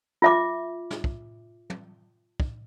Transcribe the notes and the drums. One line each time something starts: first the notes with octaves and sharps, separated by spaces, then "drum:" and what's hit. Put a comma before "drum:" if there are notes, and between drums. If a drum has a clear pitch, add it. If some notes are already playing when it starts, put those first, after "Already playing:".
F4 E5 D6
drum: snare
drum: kick
drum: tom
drum: kick